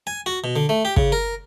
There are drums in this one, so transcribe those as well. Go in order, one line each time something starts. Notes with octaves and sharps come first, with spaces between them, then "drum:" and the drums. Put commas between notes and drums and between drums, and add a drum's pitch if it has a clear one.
G#5
F#4
B2
D3
A3
G4
C#3, drum: kick
A#4